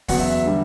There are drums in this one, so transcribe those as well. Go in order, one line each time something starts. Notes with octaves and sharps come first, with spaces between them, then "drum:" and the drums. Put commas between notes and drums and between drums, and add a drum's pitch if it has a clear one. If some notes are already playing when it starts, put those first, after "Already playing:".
E2 C#3 F#3 F#5, drum: kick, open hi-hat
E5
E5
D3 G3